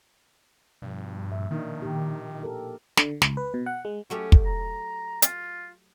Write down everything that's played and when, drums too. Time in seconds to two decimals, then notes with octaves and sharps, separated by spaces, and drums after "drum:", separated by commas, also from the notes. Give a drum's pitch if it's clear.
0.82 G2 B2 F3
1.30 A#2 E5
1.51 D#3 A#3 D4 D#4
1.82 A#2 G4
2.43 G4 A4 A#4
2.97 D3, drum: snare
3.22 C#2, drum: snare
3.37 B4
3.54 B2
3.66 F#5
3.85 G#3
4.10 F#3 A3 C#4 G4
4.32 drum: kick
4.46 A#5
5.22 F4, drum: hi-hat